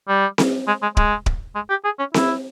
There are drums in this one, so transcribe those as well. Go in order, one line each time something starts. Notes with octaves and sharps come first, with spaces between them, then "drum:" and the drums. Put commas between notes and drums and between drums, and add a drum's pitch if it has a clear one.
G3
drum: snare C4
G#3
G#3
G#3, drum: kick D1
drum: kick D1
G#3
G4
G#4
C#4
E4, drum: snare C4